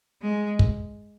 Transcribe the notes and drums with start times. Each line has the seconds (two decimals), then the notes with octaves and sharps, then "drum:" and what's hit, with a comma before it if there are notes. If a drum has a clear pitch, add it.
0.22 G#3
0.59 drum: kick